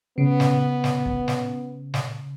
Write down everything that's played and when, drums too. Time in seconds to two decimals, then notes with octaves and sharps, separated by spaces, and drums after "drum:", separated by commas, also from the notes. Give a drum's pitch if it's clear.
0.18 C#3 B3
0.40 drum: snare
0.84 drum: snare
1.06 drum: kick
1.28 drum: snare
1.94 drum: snare